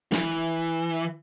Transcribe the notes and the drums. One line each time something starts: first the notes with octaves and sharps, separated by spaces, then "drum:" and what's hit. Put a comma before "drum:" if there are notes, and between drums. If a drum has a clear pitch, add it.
E3, drum: snare